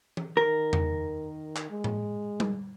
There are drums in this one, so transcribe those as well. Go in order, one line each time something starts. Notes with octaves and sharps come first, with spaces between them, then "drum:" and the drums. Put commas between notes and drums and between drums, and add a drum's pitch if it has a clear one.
drum: tom E3
D#3 A#4
drum: tom E2
drum: clap
G#3
drum: tom A2
drum: tom G3